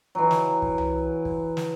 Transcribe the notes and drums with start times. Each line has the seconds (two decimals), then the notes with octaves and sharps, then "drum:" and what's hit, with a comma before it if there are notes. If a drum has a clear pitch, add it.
0.15 E3 F#3
0.31 drum: snare
0.62 drum: kick
0.78 drum: tom C2
1.25 drum: kick
1.57 drum: snare